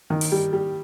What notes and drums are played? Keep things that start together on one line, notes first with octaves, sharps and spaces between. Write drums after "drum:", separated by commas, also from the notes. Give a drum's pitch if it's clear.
D#3
drum: open hi-hat
G3
G3